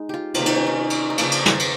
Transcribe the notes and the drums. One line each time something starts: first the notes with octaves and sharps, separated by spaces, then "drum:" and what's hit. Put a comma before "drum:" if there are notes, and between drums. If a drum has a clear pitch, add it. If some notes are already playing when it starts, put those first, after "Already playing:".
Already playing: G#3 D#4
F4 G4
C3 D#3 A#3 F4, drum: cymbal
D#4, drum: cymbal
C#4
D#4
drum: cymbal
D#4
C#3 F3 A#3 F4, drum: cymbal
drum: cymbal
drum: snare
drum: cymbal